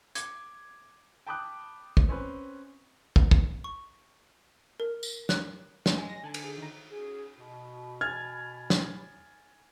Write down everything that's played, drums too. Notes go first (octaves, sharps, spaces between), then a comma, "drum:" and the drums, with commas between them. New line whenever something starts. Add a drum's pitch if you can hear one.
D6 G#6, drum: hi-hat
G5 A5 B5 D6 D#6 F#6
drum: kick
C4 C#4 B4
drum: kick
drum: kick
C#6
A#4
drum: tambourine
F#6, drum: snare
G#3 A3 A#5 D7, drum: snare
D#5 G#5
A#6
D3 G#5 A5
drum: cymbal
G#4
D#3 A#5
C#4 F#4 G#4
B2 B5
G#5 F6 G#6 A6
drum: snare